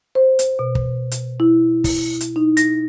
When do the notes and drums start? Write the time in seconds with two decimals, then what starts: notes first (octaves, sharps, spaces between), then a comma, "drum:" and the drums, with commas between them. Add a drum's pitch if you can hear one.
0.15 C5
0.39 drum: hi-hat
0.59 B2
0.75 drum: kick
1.11 drum: hi-hat
1.40 E4
1.84 drum: kick, open hi-hat
2.20 drum: hi-hat
2.36 D#4
2.57 A#6, drum: hi-hat